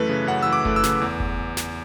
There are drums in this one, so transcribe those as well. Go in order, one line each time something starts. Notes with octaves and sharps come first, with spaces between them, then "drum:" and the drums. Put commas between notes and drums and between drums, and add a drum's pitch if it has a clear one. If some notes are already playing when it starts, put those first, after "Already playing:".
Already playing: F#2 E3 A3 B4
C#3
F#2 F#5
E3 E6
D6
A3, drum: kick F#1
E6
C#3, drum: snare
E2
drum: kick F#1
drum: snare